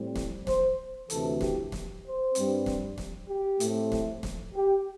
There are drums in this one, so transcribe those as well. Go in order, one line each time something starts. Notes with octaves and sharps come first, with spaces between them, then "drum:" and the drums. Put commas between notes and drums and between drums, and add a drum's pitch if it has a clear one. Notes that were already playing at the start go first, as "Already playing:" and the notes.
Already playing: A2 G3 C4
drum: snare
C5, drum: snare
D2 C3 E3 A4, drum: hi-hat
G4, drum: snare
drum: snare
C5
G2 G3 C4, drum: hi-hat
drum: snare
drum: snare
G4
A2 A3 C4, drum: hi-hat
drum: snare
drum: snare
G4